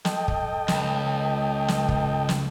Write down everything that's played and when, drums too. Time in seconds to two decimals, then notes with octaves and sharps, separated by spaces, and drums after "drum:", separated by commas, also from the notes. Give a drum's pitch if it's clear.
0.05 A4 D#5 G5, drum: snare
0.28 drum: kick
0.68 C#2, drum: snare
1.68 drum: snare
1.88 drum: kick
2.29 drum: snare